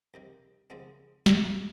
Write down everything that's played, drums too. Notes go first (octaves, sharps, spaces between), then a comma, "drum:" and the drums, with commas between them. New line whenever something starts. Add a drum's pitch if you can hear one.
C2 C3 D#3
D#2 C#3 F3 G#3 C4
C2 A#2 G#3 D#4, drum: snare